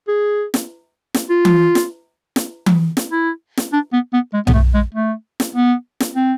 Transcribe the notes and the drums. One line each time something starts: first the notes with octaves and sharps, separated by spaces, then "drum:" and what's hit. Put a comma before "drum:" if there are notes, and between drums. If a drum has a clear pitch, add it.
G#4
drum: snare
drum: snare
F4
drum: tom E3
drum: snare
drum: snare
drum: tom E3
drum: snare
E4
drum: snare
D4
B3
B3
G#3
B3, drum: tom B1
A3
G#3
A3
drum: snare
B3
drum: snare
C4